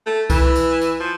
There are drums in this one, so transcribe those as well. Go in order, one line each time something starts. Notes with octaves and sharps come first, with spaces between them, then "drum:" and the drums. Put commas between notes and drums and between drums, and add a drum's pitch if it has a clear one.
A3
E3, drum: kick C2, tambourine
drum: tambourine
drum: tambourine
F3